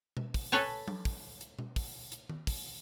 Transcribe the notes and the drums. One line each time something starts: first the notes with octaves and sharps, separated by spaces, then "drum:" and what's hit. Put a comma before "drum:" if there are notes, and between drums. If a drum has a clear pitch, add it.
drum: tom B2
drum: kick, open hi-hat
A4 B4 C#5 G#5 A5
drum: tom F#3
drum: kick, open hi-hat
drum: hi-hat
drum: tom B2
drum: kick, open hi-hat
drum: hi-hat
drum: tom D#3
drum: kick, open hi-hat